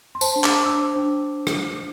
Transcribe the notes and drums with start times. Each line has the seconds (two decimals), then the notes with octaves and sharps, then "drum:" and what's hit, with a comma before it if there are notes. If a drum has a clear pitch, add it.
0.15 C6
0.21 C5 A5, drum: tambourine
0.36 D4
0.44 D6, drum: clap
0.50 C5
0.66 D4 E6
0.81 C5
0.96 D4
1.47 drum: rim click